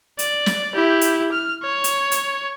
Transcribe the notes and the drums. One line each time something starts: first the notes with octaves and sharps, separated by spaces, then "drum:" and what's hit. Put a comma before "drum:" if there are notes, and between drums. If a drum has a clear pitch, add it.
D5, drum: hi-hat
drum: snare
E4 G4
drum: hi-hat
F6
C#5
drum: hi-hat
drum: hi-hat